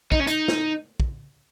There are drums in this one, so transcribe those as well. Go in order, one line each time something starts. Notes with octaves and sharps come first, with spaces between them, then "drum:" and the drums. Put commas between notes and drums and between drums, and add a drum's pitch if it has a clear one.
D#4, drum: kick
C#4
D#4, drum: hi-hat
drum: snare
drum: kick